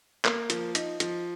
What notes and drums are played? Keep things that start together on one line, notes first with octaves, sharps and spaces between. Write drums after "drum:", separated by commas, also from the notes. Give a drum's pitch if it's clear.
A#3, drum: clap
F3, drum: hi-hat
D#4, drum: hi-hat
F3, drum: hi-hat